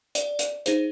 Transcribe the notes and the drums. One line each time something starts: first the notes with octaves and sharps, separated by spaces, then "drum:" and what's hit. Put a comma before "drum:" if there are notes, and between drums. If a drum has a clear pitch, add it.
D5, drum: hi-hat
drum: hi-hat
D#4 G#4 C5, drum: hi-hat